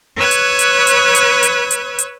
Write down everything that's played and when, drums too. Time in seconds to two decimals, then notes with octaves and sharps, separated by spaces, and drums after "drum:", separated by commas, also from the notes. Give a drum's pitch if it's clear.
0.17 B4 C#5 E6 F#6 G#6
0.31 drum: hi-hat
0.59 drum: hi-hat
0.87 drum: hi-hat
1.15 drum: hi-hat
1.43 drum: hi-hat
1.71 drum: hi-hat
1.99 drum: hi-hat